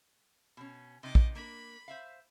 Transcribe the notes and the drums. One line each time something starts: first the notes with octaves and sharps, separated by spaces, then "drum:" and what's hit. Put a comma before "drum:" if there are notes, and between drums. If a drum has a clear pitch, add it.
B2 C#4
C3 B3 D#4 D#5 D6
drum: kick
A#3 D4 A#4 B5
C5 E5 F5